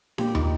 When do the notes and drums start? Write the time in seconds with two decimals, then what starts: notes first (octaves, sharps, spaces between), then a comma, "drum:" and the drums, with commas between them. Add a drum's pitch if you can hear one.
0.18 A#2 G4, drum: snare D4
0.35 D#4, drum: tom